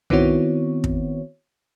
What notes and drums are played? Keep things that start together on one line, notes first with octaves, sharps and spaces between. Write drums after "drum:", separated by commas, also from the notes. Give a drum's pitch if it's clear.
D#3 B3 C4 E4 F#4 C#5, drum: tom B1
drum: kick